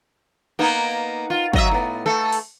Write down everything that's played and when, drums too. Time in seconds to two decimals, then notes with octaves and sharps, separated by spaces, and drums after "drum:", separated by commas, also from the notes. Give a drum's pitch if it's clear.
0.59 A#3 B3 D#4
1.30 F4
1.53 F#3 D#5 E5, drum: kick
1.71 A2 B3
2.06 A3 A4
2.32 drum: open hi-hat